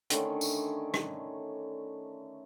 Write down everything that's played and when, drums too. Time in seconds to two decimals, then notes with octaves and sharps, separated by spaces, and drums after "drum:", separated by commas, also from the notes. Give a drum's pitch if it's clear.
0.10 D3 D#3 A3 C#4, drum: hi-hat
0.41 drum: tambourine
0.94 drum: rim click